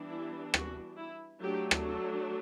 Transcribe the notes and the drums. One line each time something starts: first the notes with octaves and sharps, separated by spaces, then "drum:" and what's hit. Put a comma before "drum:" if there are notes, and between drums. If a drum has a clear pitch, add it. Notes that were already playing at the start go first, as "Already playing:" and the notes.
Already playing: E3 G3 B3 D4
E4
F#4, drum: rim click
E4
F#3 A3 D4 G4
drum: rim click
A4